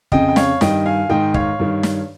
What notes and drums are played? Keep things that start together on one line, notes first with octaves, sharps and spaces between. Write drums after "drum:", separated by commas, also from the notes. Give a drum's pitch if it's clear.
F2 C#3 D#5 G5, drum: kick
G5
C#5 F5, drum: snare
G2 D#3 D#5 G5, drum: snare
F5 G#5
G#2 D#3 D#5 G5
C#5 F5, drum: kick
G2 D#3
drum: snare